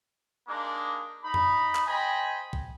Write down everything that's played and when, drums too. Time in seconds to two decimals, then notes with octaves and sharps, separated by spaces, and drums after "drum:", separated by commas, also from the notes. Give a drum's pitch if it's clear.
0.48 G#3 A#3 D4 D#4 D6
1.24 D#4 B5
1.34 drum: tom F2
1.75 drum: clap
1.86 C5 D#5 G5 G#5 B5
2.53 drum: kick